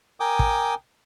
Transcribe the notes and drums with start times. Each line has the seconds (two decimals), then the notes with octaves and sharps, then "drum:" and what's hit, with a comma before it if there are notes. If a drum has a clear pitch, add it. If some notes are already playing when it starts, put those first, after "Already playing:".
0.20 A#4 G5 G#5 D6 D#6
0.39 drum: kick